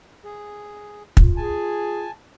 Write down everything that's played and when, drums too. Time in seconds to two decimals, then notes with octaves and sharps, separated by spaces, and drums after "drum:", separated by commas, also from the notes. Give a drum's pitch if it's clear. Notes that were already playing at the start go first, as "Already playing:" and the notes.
0.25 G#4
1.17 F4, drum: kick
1.37 G#4 G#5 A5